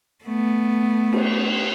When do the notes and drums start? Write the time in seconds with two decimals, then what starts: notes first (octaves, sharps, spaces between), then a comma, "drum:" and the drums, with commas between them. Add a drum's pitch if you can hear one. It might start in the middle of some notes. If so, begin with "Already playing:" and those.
0.24 A3 B3
1.13 drum: cymbal